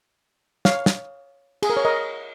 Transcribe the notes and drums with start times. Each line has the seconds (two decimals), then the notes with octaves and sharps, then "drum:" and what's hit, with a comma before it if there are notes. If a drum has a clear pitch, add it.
0.65 C#5 F5, drum: snare
0.86 drum: snare
1.63 G#4, drum: cymbal
1.70 A#4
1.77 C#5
1.85 A#4 D#5